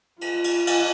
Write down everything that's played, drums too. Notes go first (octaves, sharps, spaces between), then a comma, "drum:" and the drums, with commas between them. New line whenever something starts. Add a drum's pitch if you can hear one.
F4, drum: cymbal
drum: cymbal
drum: cymbal